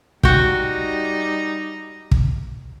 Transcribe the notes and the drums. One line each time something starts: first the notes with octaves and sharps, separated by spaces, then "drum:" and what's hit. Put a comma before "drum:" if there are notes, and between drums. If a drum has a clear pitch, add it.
G3 D#4 F#4 G5, drum: kick
drum: kick